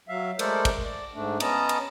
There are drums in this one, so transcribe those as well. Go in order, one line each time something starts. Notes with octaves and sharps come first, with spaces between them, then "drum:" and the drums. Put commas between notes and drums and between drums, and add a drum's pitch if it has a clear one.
F#3 E5 F5
G#3 A3 A4 A#4 C5 D5, drum: cymbal
drum: kick, cymbal
D5
G#2 A3 D4
B3 C#4 D#5 A5 A#5, drum: cymbal
drum: cymbal